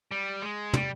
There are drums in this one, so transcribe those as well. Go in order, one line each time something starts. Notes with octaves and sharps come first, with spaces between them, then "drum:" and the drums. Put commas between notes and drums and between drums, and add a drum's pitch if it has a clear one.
G3
G#3
G3, drum: tom